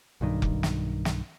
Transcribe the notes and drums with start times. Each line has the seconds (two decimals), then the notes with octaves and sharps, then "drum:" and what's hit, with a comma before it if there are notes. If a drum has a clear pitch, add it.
0.21 B1 G2 D#3
0.42 drum: kick F1
0.63 drum: snare
1.05 drum: snare